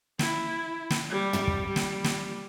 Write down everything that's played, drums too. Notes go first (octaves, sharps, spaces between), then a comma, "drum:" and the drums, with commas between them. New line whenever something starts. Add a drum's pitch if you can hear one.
E4, drum: snare
drum: snare
G3
drum: tom
drum: kick
G3
drum: snare
drum: snare